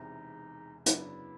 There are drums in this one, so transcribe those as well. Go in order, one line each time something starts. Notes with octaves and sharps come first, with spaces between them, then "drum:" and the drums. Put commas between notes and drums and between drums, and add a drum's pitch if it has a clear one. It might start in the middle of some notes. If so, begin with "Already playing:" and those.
Already playing: E1 E2 C3 D#4
F#2 C#3 F#3 B3 D4 E4, drum: hi-hat